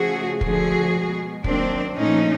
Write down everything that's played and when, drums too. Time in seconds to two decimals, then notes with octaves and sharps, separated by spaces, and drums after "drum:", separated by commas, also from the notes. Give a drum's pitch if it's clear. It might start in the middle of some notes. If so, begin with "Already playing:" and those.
Already playing: C#3 F3 A3 F#4 G#4
0.41 D3 F3 A3 F#4 G#4, drum: kick
0.93 B2 G#3
1.44 D#3 F#3 A#3 C4 D4, drum: kick
1.95 A#2 F3 A3 C#4 D#4